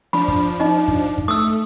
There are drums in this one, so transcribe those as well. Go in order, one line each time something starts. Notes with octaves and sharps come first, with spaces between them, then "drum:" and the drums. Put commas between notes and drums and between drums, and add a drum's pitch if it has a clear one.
F3 D4 B5
drum: kick
D#4 D#5
drum: kick
drum: kick
A3 D#6 E6